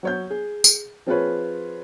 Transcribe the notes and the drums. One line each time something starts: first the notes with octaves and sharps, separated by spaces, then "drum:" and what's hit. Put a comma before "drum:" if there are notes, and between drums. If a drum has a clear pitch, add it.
F#3 C#5 G6
G#4
drum: tambourine
F3 C4 F4 G#4 B4 C#5